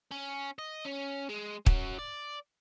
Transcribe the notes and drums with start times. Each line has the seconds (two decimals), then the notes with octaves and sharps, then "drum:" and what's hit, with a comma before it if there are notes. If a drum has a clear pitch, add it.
0.11 C#4
0.59 D#5
0.85 C#4
1.30 G#3
1.66 C#4 F#4, drum: kick
1.98 D5